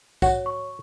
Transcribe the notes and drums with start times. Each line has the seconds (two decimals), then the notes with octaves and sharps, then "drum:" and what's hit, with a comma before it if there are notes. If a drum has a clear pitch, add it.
0.22 F#4 C#5, drum: kick, tambourine
0.46 C#6